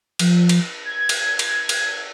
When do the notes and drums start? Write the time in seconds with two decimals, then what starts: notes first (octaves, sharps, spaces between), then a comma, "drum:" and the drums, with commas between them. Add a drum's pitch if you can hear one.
0.19 F3, drum: cymbal
0.49 drum: cymbal
0.85 G#6
1.09 drum: cymbal
1.39 drum: cymbal
1.69 drum: cymbal